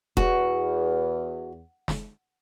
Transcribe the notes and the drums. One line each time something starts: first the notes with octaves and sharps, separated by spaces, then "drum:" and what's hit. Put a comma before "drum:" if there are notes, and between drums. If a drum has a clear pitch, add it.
E2 F#4, drum: kick E1
drum: snare